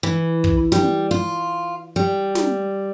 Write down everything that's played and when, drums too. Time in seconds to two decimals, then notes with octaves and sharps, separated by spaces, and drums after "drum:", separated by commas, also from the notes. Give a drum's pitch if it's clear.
0.03 E3
0.44 drum: kick
0.72 G3, drum: snare
1.11 F4
1.96 G3
2.35 drum: snare